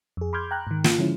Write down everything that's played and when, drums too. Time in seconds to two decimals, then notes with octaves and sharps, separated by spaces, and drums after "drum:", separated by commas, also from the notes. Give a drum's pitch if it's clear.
0.17 F2 G#4
0.33 B5 C6 D6 F6 G6 G#6
0.51 G5 A#5 F#6
0.67 G#2 D#3
0.84 F4, drum: snare
0.99 D3 F3 G#3 C#4 E4